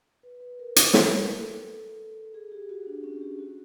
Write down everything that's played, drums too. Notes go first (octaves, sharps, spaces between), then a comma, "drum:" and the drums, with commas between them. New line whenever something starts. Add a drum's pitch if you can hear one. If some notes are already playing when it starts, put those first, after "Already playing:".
B4
B4
A#4
A4, drum: hi-hat
A#4, drum: snare
A#4
A4
G#4
G4
F#4
D4
C#4
G4
F#4